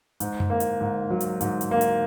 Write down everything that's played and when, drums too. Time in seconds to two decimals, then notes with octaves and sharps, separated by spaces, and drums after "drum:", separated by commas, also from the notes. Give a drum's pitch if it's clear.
0.20 G#2, drum: hi-hat
0.40 drum: tom F#2
0.50 A#3
0.60 drum: hi-hat
0.81 G#2
1.10 F#3
1.21 drum: hi-hat
1.41 G#2, drum: hi-hat
1.61 drum: hi-hat
1.71 A#3
1.81 drum: hi-hat